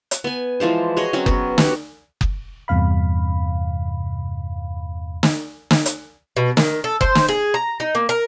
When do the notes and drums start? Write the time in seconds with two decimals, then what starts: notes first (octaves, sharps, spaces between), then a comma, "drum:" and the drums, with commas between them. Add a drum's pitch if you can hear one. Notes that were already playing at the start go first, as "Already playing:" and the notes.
0.11 drum: hi-hat
0.24 B3 G#5
0.60 E3 F3 G#3 C5
0.97 F#4 G#4 C#5 D#5
1.13 F#3 C4 C#4 F#4
1.26 B3, drum: kick F#1
1.58 F#4 G4 D#5 F#5, drum: snare
2.21 drum: kick F#1
2.68 E2 G2 C3 F5 B5
5.23 drum: snare
5.71 drum: snare
5.86 drum: hi-hat
6.37 B2
6.57 D#3, drum: snare
6.84 A4
7.01 C5, drum: kick F#1
7.15 drum: snare
7.28 G#4
7.54 A#5
7.80 D#4
7.95 A#3
8.09 A#4